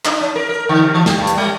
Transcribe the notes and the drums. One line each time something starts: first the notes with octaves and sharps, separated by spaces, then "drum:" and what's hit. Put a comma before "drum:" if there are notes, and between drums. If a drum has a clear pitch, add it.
D4, drum: clap
C#4
A#4
A#4
D3
C3
E3
G4, drum: snare
G2
drum: hi-hat
G3